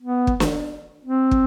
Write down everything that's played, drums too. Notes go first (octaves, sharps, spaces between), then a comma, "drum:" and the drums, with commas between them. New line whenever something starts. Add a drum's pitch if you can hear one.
B3
drum: kick
drum: snare
C4
drum: kick